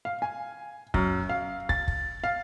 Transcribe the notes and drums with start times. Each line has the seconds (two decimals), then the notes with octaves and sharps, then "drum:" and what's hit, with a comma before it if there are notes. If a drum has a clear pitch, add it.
0.05 F5
0.22 G#5
0.94 F#2, drum: kick
1.29 F5
1.69 A6, drum: kick
1.88 drum: kick
2.24 F5